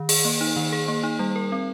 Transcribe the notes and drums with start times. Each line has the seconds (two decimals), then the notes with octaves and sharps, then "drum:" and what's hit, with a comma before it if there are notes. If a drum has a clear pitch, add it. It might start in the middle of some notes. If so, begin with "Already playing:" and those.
Already playing: D#3
0.09 G#4, drum: open hi-hat
0.25 A#3
0.41 D#4
0.56 D#3
0.73 G#4
0.88 A#3
1.03 D#4
1.19 G3
1.36 A#4
1.52 C4